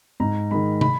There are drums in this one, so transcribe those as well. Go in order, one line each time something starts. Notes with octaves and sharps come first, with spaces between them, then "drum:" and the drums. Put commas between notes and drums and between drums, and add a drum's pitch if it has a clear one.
G#2 A#5
D#3 G#3 B5
B5, drum: tom